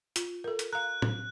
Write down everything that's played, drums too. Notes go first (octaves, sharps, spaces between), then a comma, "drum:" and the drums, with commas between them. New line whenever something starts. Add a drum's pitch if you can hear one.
F4, drum: hi-hat
A4 A#4
drum: hi-hat
F5 A#5 F#6
drum: tom A2